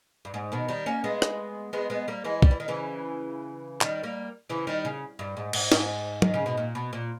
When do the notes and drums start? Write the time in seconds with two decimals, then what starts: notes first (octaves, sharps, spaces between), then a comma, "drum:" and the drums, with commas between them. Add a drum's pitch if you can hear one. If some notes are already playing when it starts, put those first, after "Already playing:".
0.25 G2
0.34 G#2
0.52 B2 D#3
0.68 D#3 G3
0.86 A#3 C#4
1.04 G#3 B3
1.22 drum: rim click
1.73 G#3 B3
1.90 G#3 B3
2.08 G3 A#3
2.24 E3 G#3
2.42 G3, drum: kick
2.51 E3
2.60 D#3
2.68 C#3 E3
3.81 D#3 G3, drum: clap
4.03 G3 A#3
4.49 C#3 E3
4.67 D#3 G3
4.85 C#3
5.19 G2
5.37 G#2
5.53 G#2, drum: cymbal
5.72 G#2, drum: snare
6.22 D#3, drum: tom
6.34 C#3
6.46 B2
6.57 A#2
6.75 B2
6.93 A#2